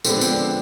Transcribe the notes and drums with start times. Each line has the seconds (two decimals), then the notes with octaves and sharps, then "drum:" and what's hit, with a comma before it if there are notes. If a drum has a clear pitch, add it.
0.04 D3 F3 G#3 B3 C4, drum: tambourine
0.21 C4, drum: tambourine
0.30 D4